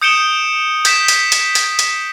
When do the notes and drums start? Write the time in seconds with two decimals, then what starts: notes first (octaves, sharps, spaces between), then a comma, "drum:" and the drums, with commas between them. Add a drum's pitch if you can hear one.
0.01 D#6 G6 C#7 D7 E7 G7
0.85 G6 B6 E7, drum: hi-hat
1.08 drum: hi-hat
1.32 drum: hi-hat
1.55 drum: hi-hat
1.79 drum: hi-hat